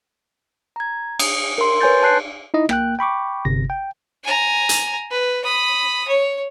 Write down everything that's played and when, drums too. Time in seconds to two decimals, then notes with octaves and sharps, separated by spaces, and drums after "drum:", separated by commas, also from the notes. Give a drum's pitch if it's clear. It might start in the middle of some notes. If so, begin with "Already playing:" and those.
0.76 A#5 G#6
1.19 D#6, drum: cymbal
1.58 A#4 C6
1.81 B4 C#5 G#5 C6 G6 A6
2.03 A5 C6 F#6 C7
2.54 D#4 E4 D#5
2.69 A#3 G5 F#6, drum: rim click
2.99 G5 B5 C#6 D6
3.45 G1 C3 A#6
3.70 G5
4.23 G#5 A#5
4.69 drum: hi-hat
5.11 B4
5.44 B5 D#6
6.08 C#5